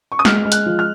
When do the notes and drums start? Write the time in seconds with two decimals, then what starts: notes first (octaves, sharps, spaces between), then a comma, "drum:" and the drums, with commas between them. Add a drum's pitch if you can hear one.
0.12 C#6
0.19 D#6
0.25 G#3 F6, drum: snare
0.45 G#3
0.52 F#6, drum: hi-hat
0.66 F3
0.79 F6